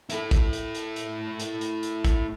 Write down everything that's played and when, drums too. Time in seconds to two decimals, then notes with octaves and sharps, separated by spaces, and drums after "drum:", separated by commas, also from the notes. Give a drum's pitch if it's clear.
0.10 E4 A4, drum: hi-hat
0.31 drum: kick, hi-hat
0.53 drum: hi-hat
0.75 drum: hi-hat
0.96 drum: hi-hat
1.40 drum: hi-hat
1.61 drum: hi-hat
1.83 drum: hi-hat
2.04 drum: kick, hi-hat